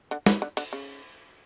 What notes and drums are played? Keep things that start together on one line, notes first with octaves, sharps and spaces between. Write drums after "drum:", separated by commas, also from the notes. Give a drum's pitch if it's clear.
D3
D3, drum: snare
D3
D3, drum: cymbal
C#3